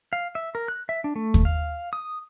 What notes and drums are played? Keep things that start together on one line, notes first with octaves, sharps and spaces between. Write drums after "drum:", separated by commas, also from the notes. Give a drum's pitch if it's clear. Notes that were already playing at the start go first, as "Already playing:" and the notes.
F5
E5
A#4
F#6
E5
D4
A3
drum: kick
F5
D#6